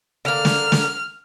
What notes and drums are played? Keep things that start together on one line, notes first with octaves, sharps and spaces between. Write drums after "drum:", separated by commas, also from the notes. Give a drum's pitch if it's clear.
D3 A#3 F6
drum: snare
drum: snare